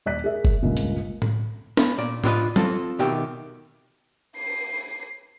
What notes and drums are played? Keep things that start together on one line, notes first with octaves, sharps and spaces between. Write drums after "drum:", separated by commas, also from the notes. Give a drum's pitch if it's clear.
D#1 D5 F#6 B6
G#4 A#4 E5
drum: kick F#1
C#2 G2 A#2
drum: hi-hat
drum: tom A2
B3, drum: snare
A#2 D5
D4 E4 F4 G4 B4 D#5, drum: tom A2
C4 F4 A4, drum: tom F#3
B2 D#3 G4 E5
C7